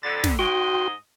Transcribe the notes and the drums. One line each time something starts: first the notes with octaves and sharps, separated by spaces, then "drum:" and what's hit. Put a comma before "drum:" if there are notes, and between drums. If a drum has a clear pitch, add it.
F2 D3 A6
drum: snare
G#2 F#4 D#5 G5 C6